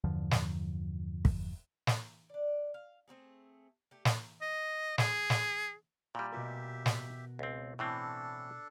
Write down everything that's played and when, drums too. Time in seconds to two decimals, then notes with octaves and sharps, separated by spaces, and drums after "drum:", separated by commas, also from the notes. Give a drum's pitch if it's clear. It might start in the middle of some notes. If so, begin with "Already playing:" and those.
0.04 E2 G2 D3 F3
0.31 drum: snare
1.25 drum: kick
1.87 drum: snare
2.30 D4 D5
2.74 F5
3.08 A3 C4 F#4 G#4
3.91 A3 G4
4.05 drum: snare
4.41 D#5
4.98 G#4, drum: snare
5.30 drum: snare
6.15 A#2 G3 E4 F#4 G5
6.32 B2 F#4 G4 A#4 E5
6.86 drum: snare
7.39 C#2 C4
7.79 A2 E3 C4 D4 A4